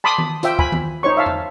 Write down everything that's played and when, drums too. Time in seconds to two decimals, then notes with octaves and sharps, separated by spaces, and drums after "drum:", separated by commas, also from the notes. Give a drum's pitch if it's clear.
0.04 A5 B5 C6 D6 D#6
0.18 drum: tom D#3
0.43 F4 C5 E5 G5, drum: hi-hat
0.59 G#5 B5, drum: kick
0.72 drum: tom D#3
1.03 D#4 C5 C#5 C#6
1.17 E5 F5 A5
1.26 drum: tom E2